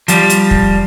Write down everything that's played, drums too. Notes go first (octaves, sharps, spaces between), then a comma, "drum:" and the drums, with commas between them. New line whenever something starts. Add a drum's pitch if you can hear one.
F3 G3, drum: hi-hat
drum: hi-hat
drum: kick